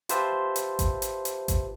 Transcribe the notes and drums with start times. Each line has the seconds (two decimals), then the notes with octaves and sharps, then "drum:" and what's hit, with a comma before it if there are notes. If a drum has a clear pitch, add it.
0.09 F4 G4 B4 C5 E5 A5, drum: hi-hat
0.56 drum: hi-hat
0.79 drum: kick G#1, hi-hat
1.02 drum: hi-hat
1.25 drum: hi-hat
1.48 drum: kick G#1, hi-hat